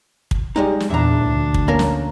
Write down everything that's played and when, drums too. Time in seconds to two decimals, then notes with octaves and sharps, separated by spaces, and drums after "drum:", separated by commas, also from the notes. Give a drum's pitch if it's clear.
0.31 drum: kick
0.56 G3 G#3 D#4
0.80 drum: snare
0.90 E2 A#2 D4 E5 A#5
1.24 D2
1.54 drum: kick
1.68 A#3 C#4 A#4
1.79 drum: snare